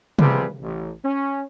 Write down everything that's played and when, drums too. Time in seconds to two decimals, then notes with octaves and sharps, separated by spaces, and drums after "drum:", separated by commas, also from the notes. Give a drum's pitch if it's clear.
0.19 C3 F3 G3 G#4 B4, drum: tom C3
0.61 A1
1.03 C#4